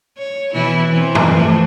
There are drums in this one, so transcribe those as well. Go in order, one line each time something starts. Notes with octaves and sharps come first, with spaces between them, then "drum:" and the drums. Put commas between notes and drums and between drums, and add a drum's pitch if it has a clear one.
C#5
B2 E3 E4
E3 C4
drum: tom F#2
E3 F3 A3